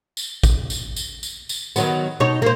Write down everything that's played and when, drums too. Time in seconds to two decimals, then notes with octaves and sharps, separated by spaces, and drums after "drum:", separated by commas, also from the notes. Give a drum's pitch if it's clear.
0.17 drum: tambourine
0.43 drum: kick A1, tambourine
0.70 drum: tambourine
0.96 drum: tambourine
1.23 drum: tambourine
1.49 drum: tambourine
1.76 D#3 F#3 B3, drum: tambourine
2.20 B2 D#4 C#5
2.42 A#3 C5